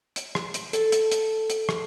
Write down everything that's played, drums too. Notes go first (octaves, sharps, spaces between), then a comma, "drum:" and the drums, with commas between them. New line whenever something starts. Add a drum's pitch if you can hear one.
drum: hi-hat
drum: rim click
drum: hi-hat
A4, drum: hi-hat
drum: hi-hat
drum: hi-hat
drum: hi-hat
drum: rim click